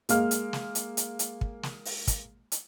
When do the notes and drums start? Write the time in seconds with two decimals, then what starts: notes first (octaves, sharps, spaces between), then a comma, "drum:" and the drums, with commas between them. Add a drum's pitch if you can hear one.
0.09 G#3 A#3 F6, drum: hi-hat
0.31 drum: hi-hat
0.53 drum: snare
0.75 drum: hi-hat
0.97 drum: hi-hat
1.19 drum: hi-hat
1.41 drum: kick
1.63 drum: snare
1.85 drum: open hi-hat
2.07 drum: kick, hi-hat
2.52 drum: hi-hat